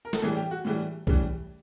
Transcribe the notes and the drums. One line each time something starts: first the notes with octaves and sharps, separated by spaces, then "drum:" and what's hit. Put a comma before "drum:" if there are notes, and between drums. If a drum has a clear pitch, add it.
A#4
A4, drum: snare
A2 E3 G3 G#4
G4
F#4
A2 E3 G3
A2 E3 G3, drum: kick B1